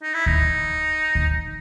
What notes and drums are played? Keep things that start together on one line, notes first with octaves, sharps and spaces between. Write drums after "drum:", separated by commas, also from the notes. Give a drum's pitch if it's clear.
D#4
E4
D#4, drum: kick D2
drum: kick D2